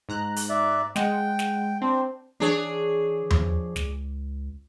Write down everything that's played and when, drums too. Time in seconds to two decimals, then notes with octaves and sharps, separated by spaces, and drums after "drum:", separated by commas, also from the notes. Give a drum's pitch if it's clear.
0.09 G#2 A#5 F#6
0.36 drum: open hi-hat
0.49 D5 E5
0.96 G#3 F#5 G5, drum: snare
1.39 drum: snare
1.82 C4 D4 C5
2.40 E3 D4 G#4 C#5
3.30 F3, drum: tom E2
3.76 C#2, drum: snare